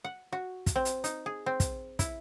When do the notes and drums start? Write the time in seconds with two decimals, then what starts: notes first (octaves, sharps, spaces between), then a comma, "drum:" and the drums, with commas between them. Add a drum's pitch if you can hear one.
0.04 F#5
0.32 F#4
0.66 drum: kick, hi-hat
0.75 C4
0.85 drum: hi-hat
1.04 D#4, drum: hi-hat
1.26 G#4
1.46 C4
1.60 drum: kick, hi-hat
1.99 E4, drum: kick, hi-hat